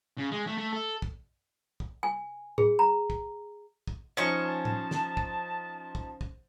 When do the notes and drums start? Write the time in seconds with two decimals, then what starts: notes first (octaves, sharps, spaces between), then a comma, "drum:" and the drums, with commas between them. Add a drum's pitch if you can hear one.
0.18 C#3
0.31 G#3
0.47 A3
0.58 A3
0.72 A4
1.02 drum: kick
1.80 drum: kick
2.03 G#5
2.58 G#4, drum: tom A2
2.79 A#5
3.10 drum: kick
3.87 drum: kick
4.17 F3 C#4 D#4 C5 C#6
4.45 A5
4.65 drum: tom A2
4.91 drum: snare
5.17 drum: kick
5.95 drum: kick
6.21 drum: kick